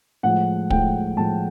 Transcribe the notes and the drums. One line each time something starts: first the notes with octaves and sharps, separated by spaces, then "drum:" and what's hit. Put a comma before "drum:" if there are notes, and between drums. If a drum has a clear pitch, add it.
A2 F3 G#3 F#5
A2 F3 G#3 G5, drum: kick
A2 F3 G#3 A5